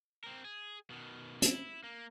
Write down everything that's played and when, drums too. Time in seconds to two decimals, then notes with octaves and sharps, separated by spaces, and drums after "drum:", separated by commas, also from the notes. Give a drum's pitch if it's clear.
0.24 C4 A#4
0.45 G#4
0.90 B2 D#3
1.42 E4, drum: hi-hat
1.84 A#3